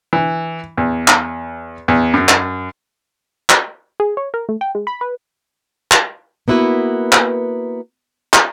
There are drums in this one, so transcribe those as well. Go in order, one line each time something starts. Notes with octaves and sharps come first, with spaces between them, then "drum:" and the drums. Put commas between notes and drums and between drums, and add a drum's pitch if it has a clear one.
E3
E2
drum: clap
E2
F#2
drum: clap
drum: clap
G#4
C#5
A#4
A3
G5
G#3
B5
B4
drum: clap
A#3 B3 E4 F#4 B4
drum: clap
drum: clap